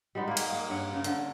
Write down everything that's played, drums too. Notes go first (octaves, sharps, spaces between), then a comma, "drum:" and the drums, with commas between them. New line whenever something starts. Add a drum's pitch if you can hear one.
G3 G#3 B3 D#4
A#3 G4 G#4
drum: cymbal
A#3
G2 C#4 F#5
C#3
D3 C#4, drum: hi-hat